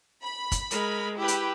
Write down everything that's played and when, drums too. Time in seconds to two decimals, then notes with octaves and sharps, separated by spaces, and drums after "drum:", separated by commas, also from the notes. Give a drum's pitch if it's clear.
0.21 B5
0.52 drum: kick, hi-hat
0.71 G#3 A#4, drum: hi-hat
1.18 E4 G4 B4
1.28 drum: hi-hat